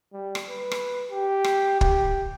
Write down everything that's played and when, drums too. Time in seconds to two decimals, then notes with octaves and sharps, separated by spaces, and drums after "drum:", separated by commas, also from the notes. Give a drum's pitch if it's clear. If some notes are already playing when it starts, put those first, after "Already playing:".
0.13 G3
0.35 drum: rim click
0.50 B4
0.71 drum: rim click
1.11 G4
1.44 drum: rim click
1.81 G4, drum: kick